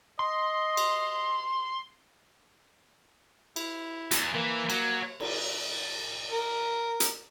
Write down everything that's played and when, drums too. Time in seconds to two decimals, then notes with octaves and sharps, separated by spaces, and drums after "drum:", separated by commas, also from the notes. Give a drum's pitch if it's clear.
0.19 D#5 C6
0.77 drum: cymbal
3.56 E4, drum: cymbal
4.11 E2 E3, drum: hi-hat
4.35 E3 A#3
4.70 F#3, drum: cymbal
5.20 drum: cymbal
6.32 A#4
7.00 drum: hi-hat